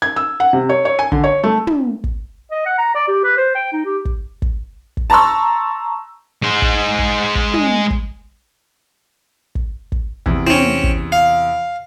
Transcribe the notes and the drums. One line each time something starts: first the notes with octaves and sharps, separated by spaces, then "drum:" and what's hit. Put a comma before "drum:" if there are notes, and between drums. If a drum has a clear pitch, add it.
G#6
E6
F#5
C3
C#5
C#5
G#5
D3, drum: kick
C#5
A3
drum: tom
drum: kick
D#5
F#5
A#5
D5
G4
B4
C5
G5
D#4
G4
drum: kick
drum: kick
drum: kick
A5 A#5 C6 C#6 E6
G#3 C5
drum: kick
drum: kick
drum: kick
drum: tom
drum: kick
drum: kick
drum: kick
E2 C3, drum: kick
C4 C#4, drum: tom
drum: kick
F5